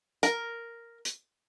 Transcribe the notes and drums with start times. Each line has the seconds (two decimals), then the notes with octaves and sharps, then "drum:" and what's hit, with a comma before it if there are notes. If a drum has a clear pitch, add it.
0.23 A#4, drum: hi-hat
1.05 drum: hi-hat